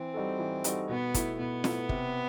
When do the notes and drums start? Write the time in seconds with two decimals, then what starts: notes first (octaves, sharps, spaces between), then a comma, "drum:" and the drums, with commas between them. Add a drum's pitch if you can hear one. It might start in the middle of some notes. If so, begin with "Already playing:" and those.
Already playing: E3 C4
0.14 G3 D#4 F#4 A4
0.39 E3
0.64 G3 D#4 F#4 A4, drum: hi-hat
0.89 B2 B3
1.14 A3 E4, drum: kick, hi-hat
1.39 B2 B3
1.64 A3 E4, drum: snare
1.89 C3, drum: kick